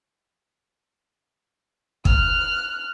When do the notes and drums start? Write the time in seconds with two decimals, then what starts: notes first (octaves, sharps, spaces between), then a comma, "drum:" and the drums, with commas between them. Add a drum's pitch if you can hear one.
2.05 F6 F#6, drum: kick